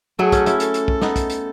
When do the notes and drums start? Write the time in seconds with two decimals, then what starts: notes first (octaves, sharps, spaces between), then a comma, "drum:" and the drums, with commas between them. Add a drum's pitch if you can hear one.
0.19 F#3 A3 G#4
0.32 A3 C#4, drum: kick, hi-hat
0.46 C#4 E4, drum: hi-hat
0.60 A4, drum: hi-hat
0.74 drum: hi-hat
0.88 drum: kick
1.01 B3 D#4, drum: snare
1.16 drum: kick, hi-hat
1.30 drum: hi-hat